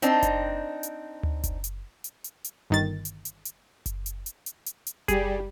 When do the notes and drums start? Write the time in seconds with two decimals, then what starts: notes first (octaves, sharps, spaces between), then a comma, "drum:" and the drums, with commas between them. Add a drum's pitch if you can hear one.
0.02 C4 D4 D#4, drum: hi-hat
0.23 drum: kick F#1, hi-hat
0.83 drum: hi-hat
1.23 drum: tom D2
1.44 drum: kick F#1, hi-hat
1.64 drum: hi-hat
2.04 drum: hi-hat
2.24 drum: hi-hat
2.44 drum: hi-hat
2.70 G1 D#3 A6
3.05 drum: hi-hat
3.25 drum: hi-hat
3.45 drum: hi-hat
3.86 drum: kick F#1, hi-hat
4.06 drum: hi-hat
4.26 drum: hi-hat
4.46 drum: hi-hat
4.66 drum: hi-hat
4.87 drum: hi-hat
5.08 G3 G#4, drum: kick F#1, hi-hat